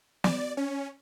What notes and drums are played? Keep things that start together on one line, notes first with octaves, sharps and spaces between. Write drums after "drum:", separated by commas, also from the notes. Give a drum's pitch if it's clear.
D5, drum: snare
C#4